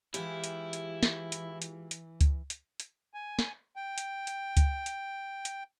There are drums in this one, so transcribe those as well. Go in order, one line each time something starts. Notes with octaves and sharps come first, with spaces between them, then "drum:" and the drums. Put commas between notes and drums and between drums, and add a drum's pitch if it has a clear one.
E3 G#3 E4 F4 G4, drum: hi-hat
drum: hi-hat
drum: hi-hat
drum: snare
drum: hi-hat
drum: hi-hat
drum: hi-hat
drum: kick C#2, hi-hat
drum: hi-hat
drum: hi-hat
G#5
drum: snare
G5
drum: hi-hat
drum: hi-hat
drum: kick C#2, hi-hat
drum: hi-hat
drum: hi-hat